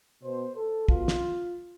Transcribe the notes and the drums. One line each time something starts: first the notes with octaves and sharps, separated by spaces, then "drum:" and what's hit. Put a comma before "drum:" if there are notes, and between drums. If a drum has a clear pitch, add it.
B2 C5
A4
B2 F4, drum: kick
drum: snare